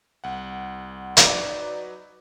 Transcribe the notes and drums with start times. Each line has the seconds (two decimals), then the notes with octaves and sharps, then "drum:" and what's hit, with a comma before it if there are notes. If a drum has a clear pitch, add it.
0.24 C2 F#5
1.17 F#3 D#4 B4 D5, drum: hi-hat